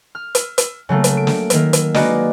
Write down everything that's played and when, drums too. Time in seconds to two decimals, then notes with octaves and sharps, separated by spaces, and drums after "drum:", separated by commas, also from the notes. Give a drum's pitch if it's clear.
0.15 F6
0.35 drum: hi-hat
0.58 drum: hi-hat
0.89 C#3 F#3 A3 A#3
1.04 drum: hi-hat
1.17 D7
1.27 drum: snare
1.50 D#3 A#3 A#4, drum: hi-hat
1.73 drum: hi-hat
1.94 G#3 A#3 F#4 B4 D5 D#5, drum: snare